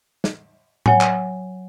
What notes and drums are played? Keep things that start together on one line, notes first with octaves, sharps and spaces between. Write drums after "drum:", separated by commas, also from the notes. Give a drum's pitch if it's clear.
drum: snare
F#3 C#5 F#5 G#5, drum: tom A2
drum: clap